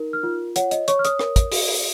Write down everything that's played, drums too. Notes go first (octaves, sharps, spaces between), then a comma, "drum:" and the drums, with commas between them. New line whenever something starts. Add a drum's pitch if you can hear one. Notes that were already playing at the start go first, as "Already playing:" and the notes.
Already playing: D#4 A#4
F6
F4
C#5 F#5, drum: hi-hat
D#5, drum: hi-hat
C#5 C#6, drum: hi-hat
F6
D#6, drum: hi-hat
A#4, drum: rim click
drum: kick, hi-hat
F#4, drum: open hi-hat
drum: open hi-hat